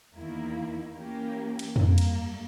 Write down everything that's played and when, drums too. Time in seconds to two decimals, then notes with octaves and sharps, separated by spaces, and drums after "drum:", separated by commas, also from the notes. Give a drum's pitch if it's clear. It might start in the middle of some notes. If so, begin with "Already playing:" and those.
0.14 E2 D#3 A#3 E4
0.95 E3 A#3 C#4 G4 A#4
1.59 drum: cymbal
1.76 G2 G3 A#3, drum: tom F2
1.98 drum: cymbal